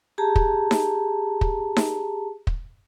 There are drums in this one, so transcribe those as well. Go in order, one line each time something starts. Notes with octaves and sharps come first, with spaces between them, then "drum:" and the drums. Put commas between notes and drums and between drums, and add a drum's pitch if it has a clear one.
G4 G#4 A5 A#5
drum: kick
drum: snare D#4
drum: kick
drum: snare D#4
drum: kick